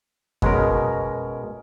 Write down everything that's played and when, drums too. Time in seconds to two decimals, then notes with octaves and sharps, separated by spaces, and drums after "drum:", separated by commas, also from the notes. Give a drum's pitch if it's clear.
0.42 B2 G#3 C#4 A#4, drum: kick F2